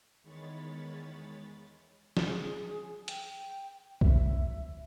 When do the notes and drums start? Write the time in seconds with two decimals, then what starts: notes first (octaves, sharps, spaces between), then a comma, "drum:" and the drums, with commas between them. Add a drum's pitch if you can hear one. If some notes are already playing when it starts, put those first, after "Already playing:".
0.23 E2 D#3 G#3 C#5 B5 A6
2.17 G#4, drum: snare
3.08 G5, drum: hi-hat
4.01 E5, drum: kick B1